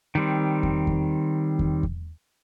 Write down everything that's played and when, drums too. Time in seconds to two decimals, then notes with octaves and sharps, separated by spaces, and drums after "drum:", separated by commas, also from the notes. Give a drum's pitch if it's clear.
0.15 D#3 G3 C4
0.63 drum: kick E2
0.87 drum: kick E2
1.59 drum: kick E2
1.83 drum: kick E2